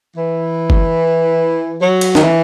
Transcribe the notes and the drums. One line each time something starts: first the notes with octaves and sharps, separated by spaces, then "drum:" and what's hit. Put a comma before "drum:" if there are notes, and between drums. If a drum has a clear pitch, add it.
E3
drum: kick
F#3
drum: cymbal
D#3, drum: snare
E3